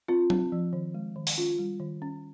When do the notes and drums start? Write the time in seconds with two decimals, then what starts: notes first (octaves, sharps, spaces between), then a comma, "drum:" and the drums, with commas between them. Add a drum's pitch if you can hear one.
0.08 C4 F4
0.30 C4, drum: tom F#3
0.52 F3
0.73 D#3
0.94 G#3
1.16 D#3
1.27 drum: open hi-hat
1.38 C#4 F4
1.59 G3
1.80 D#3
2.02 C#4